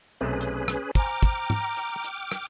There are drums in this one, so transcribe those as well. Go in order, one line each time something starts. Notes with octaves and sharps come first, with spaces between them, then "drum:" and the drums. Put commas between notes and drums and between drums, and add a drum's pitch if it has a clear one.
B1 C3 A3 C#4 G#4 B4
drum: hi-hat
drum: rim click
C5 G5 G#5 A#5 D6 F6, drum: kick, hi-hat
drum: kick, hi-hat
drum: tom
drum: hi-hat
drum: hi-hat
drum: rim click